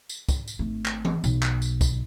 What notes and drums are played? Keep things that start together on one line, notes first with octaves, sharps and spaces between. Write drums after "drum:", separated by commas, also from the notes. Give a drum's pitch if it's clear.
drum: tambourine
drum: kick, tambourine
drum: tambourine
G#1 A3
drum: clap
drum: tom E3
B1, drum: tambourine
drum: clap
drum: tambourine
drum: kick, tambourine